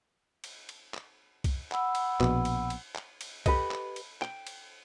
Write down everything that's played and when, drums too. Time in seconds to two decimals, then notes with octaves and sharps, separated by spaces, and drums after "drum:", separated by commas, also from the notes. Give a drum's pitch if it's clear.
0.44 drum: cymbal
0.69 drum: cymbal
0.94 drum: clap
1.44 drum: kick C2, cymbal
1.72 F#5 B5 E6, drum: clap
1.95 drum: cymbal
2.20 A#1 B2, drum: clap
2.45 drum: cymbal
2.70 drum: cymbal
2.95 drum: clap
3.21 drum: cymbal
3.46 G4 A4 B4 D#5 B5, drum: kick C2, cymbal
3.71 drum: clap
3.96 drum: cymbal
4.22 G5, drum: clap
4.47 drum: cymbal